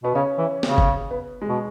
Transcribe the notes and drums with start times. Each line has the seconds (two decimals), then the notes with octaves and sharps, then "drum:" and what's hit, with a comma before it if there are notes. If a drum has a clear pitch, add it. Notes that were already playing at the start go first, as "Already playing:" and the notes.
0.04 B2 B3
0.15 C#3 C#4
0.38 E3
0.63 C#3, drum: snare
0.78 drum: kick G1
1.11 B3
1.42 G#3
1.49 B2